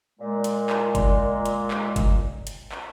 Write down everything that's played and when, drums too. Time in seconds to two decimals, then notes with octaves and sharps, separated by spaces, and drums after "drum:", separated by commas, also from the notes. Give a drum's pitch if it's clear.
0.19 A#2 G#3
0.44 drum: hi-hat
0.70 drum: clap
0.95 drum: kick F#1, hi-hat
1.45 drum: hi-hat
1.71 drum: clap
1.96 drum: kick F#1, hi-hat
2.47 drum: hi-hat
2.72 drum: clap